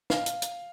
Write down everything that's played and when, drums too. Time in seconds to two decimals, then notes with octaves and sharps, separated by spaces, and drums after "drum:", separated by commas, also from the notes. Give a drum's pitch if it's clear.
0.10 F5, drum: snare
0.26 drum: hi-hat
0.42 drum: hi-hat